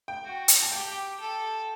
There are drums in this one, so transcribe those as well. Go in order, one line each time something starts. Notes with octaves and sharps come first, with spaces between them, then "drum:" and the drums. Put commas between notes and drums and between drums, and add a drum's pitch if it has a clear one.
G5
F#4
drum: hi-hat
A5
G4 G5
A4